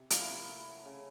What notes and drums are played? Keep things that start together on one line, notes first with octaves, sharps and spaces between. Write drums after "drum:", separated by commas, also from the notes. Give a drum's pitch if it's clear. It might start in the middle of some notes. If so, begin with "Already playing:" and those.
Already playing: C3
A#3 F4, drum: hi-hat
E4
C3
A3
F#3
C#3